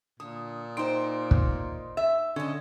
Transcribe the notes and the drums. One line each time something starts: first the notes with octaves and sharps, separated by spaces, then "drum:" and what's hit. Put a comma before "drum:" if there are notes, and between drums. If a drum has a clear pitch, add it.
A#2 D3 D#6
D#4 C5 G5 C6 D7
drum: kick
E5
D3 C#4 A4 D#5